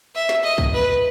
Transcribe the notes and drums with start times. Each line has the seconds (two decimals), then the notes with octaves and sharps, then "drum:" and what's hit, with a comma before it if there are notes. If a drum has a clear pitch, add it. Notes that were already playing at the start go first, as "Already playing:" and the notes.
0.15 E5
0.29 drum: snare
0.44 D#5
0.58 drum: kick
0.73 B4